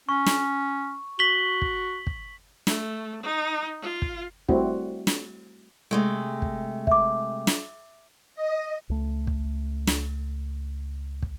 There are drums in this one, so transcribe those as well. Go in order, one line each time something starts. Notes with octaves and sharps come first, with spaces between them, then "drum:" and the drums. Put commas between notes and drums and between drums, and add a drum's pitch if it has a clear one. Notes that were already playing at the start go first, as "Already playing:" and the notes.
C#4 C#6
drum: snare
F#4 B6 F#7 G7
drum: kick
drum: kick
A3, drum: snare
D#4
F4
drum: kick
G3 A3 C4 E4 F#4, drum: kick
drum: snare
C3 G#3 A3
drum: kick
E5 D6, drum: kick
drum: snare
D#5
C#2 A3
drum: kick
drum: snare
drum: kick